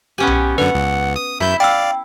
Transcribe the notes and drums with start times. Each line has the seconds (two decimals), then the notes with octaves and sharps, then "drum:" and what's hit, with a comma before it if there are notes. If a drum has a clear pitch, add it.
0.18 B3 C#4 G4 G#5
0.27 drum: tom B1
0.58 F#2 D3 B4 F#5
0.75 C#2
1.16 D#6
1.40 F#2 E4 E5 G6
1.60 D5 F5 G5 E6